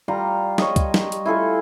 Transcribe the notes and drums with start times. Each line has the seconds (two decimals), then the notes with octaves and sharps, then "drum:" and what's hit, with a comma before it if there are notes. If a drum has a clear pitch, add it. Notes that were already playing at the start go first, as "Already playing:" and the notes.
0.08 G3 F4 A#5
0.58 C#5 D#5, drum: snare
0.76 drum: kick C#2, hi-hat
0.94 drum: snare
1.12 drum: hi-hat
1.26 E4 F4 A4 G#5